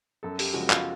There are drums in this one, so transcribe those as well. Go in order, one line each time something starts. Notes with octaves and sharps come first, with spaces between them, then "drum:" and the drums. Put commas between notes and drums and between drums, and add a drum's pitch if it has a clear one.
F#2 A4
G4, drum: open hi-hat
C#3 F3 G#3 F#4
F4, drum: clap